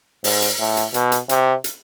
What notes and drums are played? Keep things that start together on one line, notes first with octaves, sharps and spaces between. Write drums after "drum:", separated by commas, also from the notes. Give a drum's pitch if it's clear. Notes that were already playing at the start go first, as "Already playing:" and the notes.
G#2, drum: open hi-hat
drum: hi-hat
A2
drum: hi-hat
B2, drum: hi-hat
drum: hi-hat
C3, drum: hi-hat
drum: hi-hat